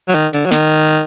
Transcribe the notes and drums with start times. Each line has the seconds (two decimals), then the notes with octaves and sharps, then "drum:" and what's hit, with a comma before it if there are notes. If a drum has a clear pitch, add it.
0.09 F#3
0.15 D#3, drum: hi-hat
0.33 D3, drum: hi-hat
0.46 F#3
0.51 D#3, drum: snare
0.70 drum: hi-hat
0.88 drum: hi-hat